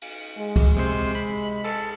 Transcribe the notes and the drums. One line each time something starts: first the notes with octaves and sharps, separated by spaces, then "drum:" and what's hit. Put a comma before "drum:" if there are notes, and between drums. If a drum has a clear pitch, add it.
drum: cymbal
G#3
drum: kick C#2, cymbal
C3 C5
B5
A4, drum: cymbal